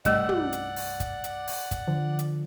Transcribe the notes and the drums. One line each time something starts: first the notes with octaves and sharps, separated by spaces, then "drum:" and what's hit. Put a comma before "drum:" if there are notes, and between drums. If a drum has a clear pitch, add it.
C2 G2 A3 D5 D#5 F#5 E6, drum: kick, hi-hat
drum: tom
drum: hi-hat
drum: open hi-hat
drum: kick, hi-hat
drum: hi-hat
drum: open hi-hat
drum: kick, hi-hat
D3 F3
drum: hi-hat